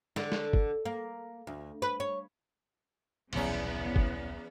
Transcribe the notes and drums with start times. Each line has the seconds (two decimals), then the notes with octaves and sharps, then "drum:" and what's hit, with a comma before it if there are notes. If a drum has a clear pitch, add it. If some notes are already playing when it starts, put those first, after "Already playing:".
0.16 D3, drum: snare
0.32 drum: snare
0.53 drum: kick
0.86 A#3
1.47 D2
1.82 B4
2.00 C#5
3.33 D#1 B1 E2 C#3 F#3 B3 C#4, drum: cymbal
3.96 drum: kick